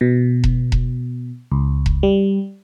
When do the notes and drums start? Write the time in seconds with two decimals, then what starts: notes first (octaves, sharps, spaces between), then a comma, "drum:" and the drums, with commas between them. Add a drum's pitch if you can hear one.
0.01 B2
0.44 drum: kick E1
0.72 drum: kick E1
1.52 C#2
1.86 drum: kick E1
2.03 G3